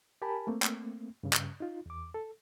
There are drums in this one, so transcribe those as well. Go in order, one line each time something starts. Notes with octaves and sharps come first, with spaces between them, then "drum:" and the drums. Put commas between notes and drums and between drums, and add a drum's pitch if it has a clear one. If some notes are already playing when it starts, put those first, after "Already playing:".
G4 A#4 G#5 A5 B5
A3 A#3 C4
drum: clap
G2 C#3
drum: clap
D#4 F4
E2 D6
A4